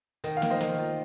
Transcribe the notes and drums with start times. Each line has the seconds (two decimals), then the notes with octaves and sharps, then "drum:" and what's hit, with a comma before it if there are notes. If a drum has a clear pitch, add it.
0.24 D#3 D#5, drum: hi-hat
0.37 F5
0.42 A#3, drum: snare
0.50 C5 D#5
0.60 D#3, drum: snare
0.78 F4